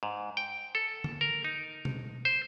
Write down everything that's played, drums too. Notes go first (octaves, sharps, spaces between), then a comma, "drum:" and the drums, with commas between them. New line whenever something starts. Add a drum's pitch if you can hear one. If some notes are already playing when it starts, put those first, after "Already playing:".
G#2
G5
A4
drum: tom D3
A#4
D#4
drum: tom B2
C5